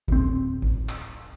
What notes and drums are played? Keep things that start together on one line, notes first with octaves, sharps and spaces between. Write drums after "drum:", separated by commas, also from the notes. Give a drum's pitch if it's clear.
D1 C4, drum: kick G#1
drum: kick G#1
drum: clap